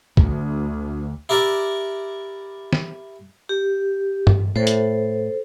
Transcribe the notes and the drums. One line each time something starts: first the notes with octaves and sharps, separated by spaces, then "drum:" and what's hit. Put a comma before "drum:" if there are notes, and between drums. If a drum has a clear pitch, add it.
D2, drum: kick
E4 G4 A#4 D5 E5
drum: snare
G4
drum: tom G2
A2 A4 C5
drum: hi-hat